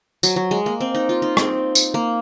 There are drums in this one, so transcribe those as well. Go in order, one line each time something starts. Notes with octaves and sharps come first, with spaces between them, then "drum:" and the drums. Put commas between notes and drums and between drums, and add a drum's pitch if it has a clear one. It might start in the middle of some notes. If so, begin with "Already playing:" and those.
F#3, drum: tambourine
F#3
G#3
A#3
C4
D#4
F4
D#4
C4, drum: rim click
drum: tambourine
A#3